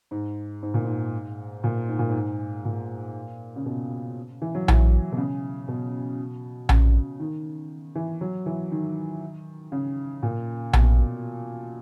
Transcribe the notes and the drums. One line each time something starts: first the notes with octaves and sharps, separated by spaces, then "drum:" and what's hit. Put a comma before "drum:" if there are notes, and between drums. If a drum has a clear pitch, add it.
G#2
G#2
A#2
G#2
A#2
G#2
A#2
G#2
A#2
C#3
B2
E3
F#3
E3, drum: tom A#1
B2
C#3
B2
C#3, drum: tom A#1
D#3
E3
F#3
E3
D#3
C#3
A#2
B2, drum: tom A#1